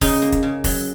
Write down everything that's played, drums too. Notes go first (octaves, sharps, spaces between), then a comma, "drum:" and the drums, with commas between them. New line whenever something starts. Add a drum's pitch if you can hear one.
C#3 D#4, drum: kick, open hi-hat
A#3
drum: kick, hi-hat
C#3
F#3, drum: kick, open hi-hat